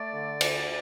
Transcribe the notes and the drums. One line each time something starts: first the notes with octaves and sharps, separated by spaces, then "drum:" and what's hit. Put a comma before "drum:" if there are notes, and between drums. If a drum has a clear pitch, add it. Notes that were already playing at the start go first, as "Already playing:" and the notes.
Already playing: A3 D5
D3
D2, drum: cymbal